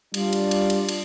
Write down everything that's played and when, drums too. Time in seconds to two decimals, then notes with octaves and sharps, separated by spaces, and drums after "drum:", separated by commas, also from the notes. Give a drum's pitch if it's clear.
0.14 G3 D4 F4 D5, drum: cymbal
0.33 drum: cymbal
0.51 drum: cymbal
0.70 drum: cymbal
0.89 drum: cymbal